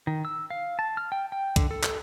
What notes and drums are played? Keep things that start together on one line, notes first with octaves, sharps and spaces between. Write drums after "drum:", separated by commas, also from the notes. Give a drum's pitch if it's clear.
D#3
E6
F5
A5
F6
G5
G5
D3, drum: kick, hi-hat
A4
drum: clap